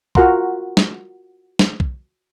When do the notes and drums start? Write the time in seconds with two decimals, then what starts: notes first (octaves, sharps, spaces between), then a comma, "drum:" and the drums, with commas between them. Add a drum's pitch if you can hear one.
0.15 F4 F#4 A#4 F#5 A#5 C6, drum: kick
0.77 drum: snare
1.59 drum: snare
1.80 drum: kick